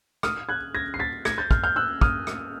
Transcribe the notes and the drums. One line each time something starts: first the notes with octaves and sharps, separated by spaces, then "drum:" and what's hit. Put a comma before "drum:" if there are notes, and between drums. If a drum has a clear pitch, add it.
D#6 F6, drum: rim click
F#6 G#6
G#6 A#6
C7
A6 B6
G#6 A#6, drum: rim click
G6 A6
F6 G6, drum: kick
F6 G6
E6 F#6
D#6 F6, drum: kick
drum: rim click